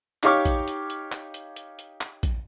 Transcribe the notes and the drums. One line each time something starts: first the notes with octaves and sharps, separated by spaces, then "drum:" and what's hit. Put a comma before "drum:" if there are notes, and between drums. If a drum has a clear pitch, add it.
D#4 G4 C#5 F5 C#6 D6, drum: clap
drum: kick A#1, hi-hat
drum: hi-hat
drum: hi-hat
drum: clap
drum: hi-hat
drum: hi-hat
drum: hi-hat
drum: clap
drum: kick A#1, hi-hat